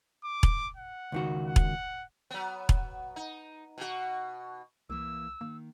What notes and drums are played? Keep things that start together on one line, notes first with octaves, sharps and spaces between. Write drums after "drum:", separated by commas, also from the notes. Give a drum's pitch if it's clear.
D6
drum: kick E1
F#5
C#2 D#3 F#4
F#5
drum: kick E1
F#3 B3
drum: kick E1
D#4
B2 F#4
C2 E3 A#3 E6
D#3 A#3